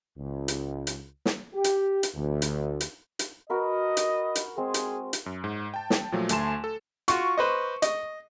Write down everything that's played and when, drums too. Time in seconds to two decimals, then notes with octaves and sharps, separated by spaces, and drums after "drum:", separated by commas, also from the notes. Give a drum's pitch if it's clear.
0.16 C#2
0.48 drum: hi-hat
0.87 drum: hi-hat
1.26 drum: snare
1.54 G4
1.64 drum: hi-hat
2.03 drum: hi-hat
2.14 D2
2.42 drum: hi-hat
2.80 drum: hi-hat
3.19 drum: hi-hat
3.50 F#4 A#4 B4 D#5
3.97 drum: hi-hat
4.35 drum: hi-hat
4.57 G#3 C4 G#4
4.74 drum: hi-hat
5.13 drum: hi-hat
5.26 F#2
5.44 G#2
5.74 G5 A5
5.90 drum: snare
6.12 A#2 F3 F#3 A3
6.29 D2 A3 G#5 A5 C6 E7, drum: hi-hat
6.64 A4
7.08 F4 F#4 C#6, drum: hi-hat
7.38 B4 C5 D#5
7.82 D#5, drum: hi-hat